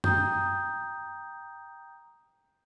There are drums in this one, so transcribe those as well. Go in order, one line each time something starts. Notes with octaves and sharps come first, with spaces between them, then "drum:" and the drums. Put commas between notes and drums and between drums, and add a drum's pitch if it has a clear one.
G5 A#5 D#6 G6, drum: tom F#2